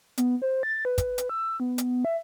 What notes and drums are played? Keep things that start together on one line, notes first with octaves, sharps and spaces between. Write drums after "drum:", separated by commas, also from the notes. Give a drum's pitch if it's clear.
B3, drum: hi-hat
C5
A6
B4
drum: kick, hi-hat
drum: hi-hat
E6
B3
drum: hi-hat
E5